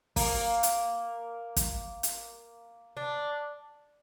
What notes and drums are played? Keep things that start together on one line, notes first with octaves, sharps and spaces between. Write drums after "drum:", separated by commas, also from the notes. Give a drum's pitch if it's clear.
A#3, drum: kick, open hi-hat
drum: hi-hat
drum: kick, hi-hat
drum: hi-hat
D4